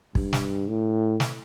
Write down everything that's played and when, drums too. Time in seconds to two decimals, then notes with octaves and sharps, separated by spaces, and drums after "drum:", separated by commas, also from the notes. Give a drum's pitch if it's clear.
0.15 G2, drum: kick
0.33 drum: snare
0.68 A2
1.20 drum: snare